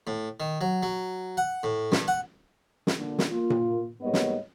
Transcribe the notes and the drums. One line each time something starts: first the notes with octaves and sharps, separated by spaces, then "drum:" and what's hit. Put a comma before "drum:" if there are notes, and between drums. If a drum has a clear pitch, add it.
A2
D#3
F#3
F#3
F#5
A2
G2, drum: snare
F#5
drum: snare
A#2 D3 D4
drum: snare
A#3 F4
drum: tom A#2
G#2 G3 A#3 B3 C#5 D#5
drum: snare